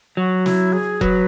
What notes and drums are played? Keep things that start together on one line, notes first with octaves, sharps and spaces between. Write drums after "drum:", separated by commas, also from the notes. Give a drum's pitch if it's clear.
F#3 F#4
E4, drum: snare
G#4
F#3 B4, drum: kick E1